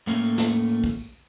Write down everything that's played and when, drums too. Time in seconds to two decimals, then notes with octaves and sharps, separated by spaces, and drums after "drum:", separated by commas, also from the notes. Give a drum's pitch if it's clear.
0.07 A2 A3 A#3 C#4, drum: tambourine
0.22 drum: tambourine
0.38 drum: snare
0.53 drum: tambourine
0.68 drum: tambourine
0.84 drum: kick, tambourine
0.99 drum: tambourine